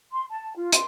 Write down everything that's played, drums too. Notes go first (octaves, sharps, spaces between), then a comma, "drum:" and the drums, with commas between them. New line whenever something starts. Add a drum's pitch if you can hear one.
C6
A5
F4
C6, drum: hi-hat